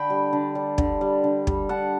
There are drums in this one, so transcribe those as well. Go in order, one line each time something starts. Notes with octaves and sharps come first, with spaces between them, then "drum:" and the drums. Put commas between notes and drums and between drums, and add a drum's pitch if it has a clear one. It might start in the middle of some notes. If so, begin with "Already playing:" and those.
Already playing: D3 G5 B5
G3
D3
G3
D3, drum: kick
G3
D3
G3, drum: kick
D3 F#5 A5